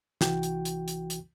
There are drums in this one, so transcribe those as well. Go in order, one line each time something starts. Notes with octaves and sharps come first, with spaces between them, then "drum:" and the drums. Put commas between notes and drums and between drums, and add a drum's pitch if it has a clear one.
C2 E3 F#4 G5, drum: snare
drum: hi-hat
drum: hi-hat
drum: hi-hat
drum: hi-hat